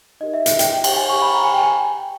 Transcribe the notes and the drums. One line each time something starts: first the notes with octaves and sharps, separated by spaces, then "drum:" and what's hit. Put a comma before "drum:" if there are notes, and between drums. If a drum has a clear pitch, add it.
D#4 G4 A#4 D#5
E5
E5, drum: hi-hat
G5, drum: hi-hat
G5
G5, drum: cymbal
G#5
C#6
B5
A#5
G#5
G5
G#5